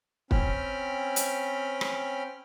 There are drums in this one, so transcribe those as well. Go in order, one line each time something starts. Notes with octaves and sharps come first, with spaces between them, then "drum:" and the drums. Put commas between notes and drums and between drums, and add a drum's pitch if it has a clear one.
C4 C#4 G5 B5 F6, drum: kick
drum: hi-hat
drum: rim click